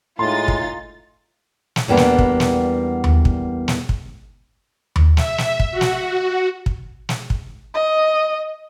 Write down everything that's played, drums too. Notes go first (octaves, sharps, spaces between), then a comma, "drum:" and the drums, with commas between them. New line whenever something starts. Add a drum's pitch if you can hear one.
A2 G#3 D#4 F4 C6 A6
drum: kick
drum: snare
E2 G3 A#3 B3 D4
drum: snare
drum: kick
drum: snare
drum: tom D#2
drum: kick
drum: snare
drum: kick
drum: tom D#2
E5, drum: snare
drum: snare
drum: kick
F#4
drum: snare
drum: kick
drum: snare
drum: kick
D#5